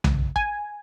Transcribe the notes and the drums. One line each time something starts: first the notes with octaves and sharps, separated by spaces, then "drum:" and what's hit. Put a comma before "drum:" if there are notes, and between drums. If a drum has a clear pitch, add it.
C#2, drum: tom B1
G#5, drum: kick